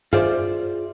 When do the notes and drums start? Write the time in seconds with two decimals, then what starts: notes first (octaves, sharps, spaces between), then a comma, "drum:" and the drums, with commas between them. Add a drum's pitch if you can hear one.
0.13 F4 G#4 C5 D5 E5, drum: tom G2